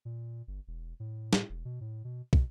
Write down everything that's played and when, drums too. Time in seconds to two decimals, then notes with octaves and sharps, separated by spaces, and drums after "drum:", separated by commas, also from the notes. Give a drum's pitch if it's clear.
0.05 A#2
0.47 G1
0.67 E1
1.00 A2
1.33 drum: snare
1.50 E1
1.65 B2
1.81 A2
2.04 B2
2.33 B2, drum: kick